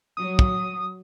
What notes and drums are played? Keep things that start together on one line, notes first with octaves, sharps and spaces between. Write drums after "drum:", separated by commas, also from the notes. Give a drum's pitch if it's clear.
F#3 D#6
drum: kick